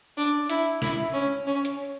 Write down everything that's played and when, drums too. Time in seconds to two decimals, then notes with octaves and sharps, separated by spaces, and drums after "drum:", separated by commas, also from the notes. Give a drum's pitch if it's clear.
0.17 D4
0.50 E4, drum: hi-hat
0.82 E4, drum: snare
1.13 C#4
1.47 C#4
1.65 drum: hi-hat